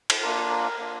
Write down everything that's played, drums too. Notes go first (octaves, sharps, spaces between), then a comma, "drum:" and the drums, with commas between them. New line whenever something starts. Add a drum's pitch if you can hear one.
drum: cymbal
A#3 D4 F4 A#4
A#4
A#3 D4 F4